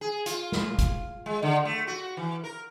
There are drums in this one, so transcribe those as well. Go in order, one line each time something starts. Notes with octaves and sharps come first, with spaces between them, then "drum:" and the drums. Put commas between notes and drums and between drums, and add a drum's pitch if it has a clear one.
G#4
F4, drum: hi-hat
drum: snare
drum: kick, hi-hat
G#3
D3
A3
F#4
E3
A#4